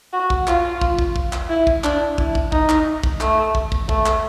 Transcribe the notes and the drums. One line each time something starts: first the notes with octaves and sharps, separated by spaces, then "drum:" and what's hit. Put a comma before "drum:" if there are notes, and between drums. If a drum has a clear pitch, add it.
F#4
drum: kick
F4, drum: clap
drum: kick
drum: kick
drum: kick
drum: clap
E4
drum: kick
D4, drum: clap
E4, drum: kick
drum: kick
D#4, drum: kick
drum: clap
drum: kick
A3, drum: clap
drum: kick
drum: kick
A3, drum: kick
drum: clap